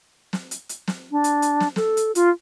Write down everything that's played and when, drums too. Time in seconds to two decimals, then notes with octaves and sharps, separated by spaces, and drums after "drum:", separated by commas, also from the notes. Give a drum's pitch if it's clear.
0.33 drum: snare
0.51 drum: hi-hat
0.69 drum: hi-hat
0.88 drum: snare
1.11 D4
1.24 drum: hi-hat
1.42 drum: hi-hat
1.60 drum: snare
1.76 A4, drum: snare
1.97 drum: hi-hat
2.15 F4, drum: hi-hat